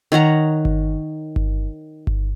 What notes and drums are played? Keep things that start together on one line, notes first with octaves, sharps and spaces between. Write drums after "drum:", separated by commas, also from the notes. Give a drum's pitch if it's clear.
D#3 C#5 F#5 A#5
drum: kick G1
drum: kick G1
drum: kick G1